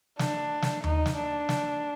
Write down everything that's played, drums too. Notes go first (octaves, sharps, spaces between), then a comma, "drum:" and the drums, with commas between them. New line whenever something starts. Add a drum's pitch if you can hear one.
D4, drum: snare
drum: snare
D#4, drum: tom D#2
drum: snare
D4
drum: snare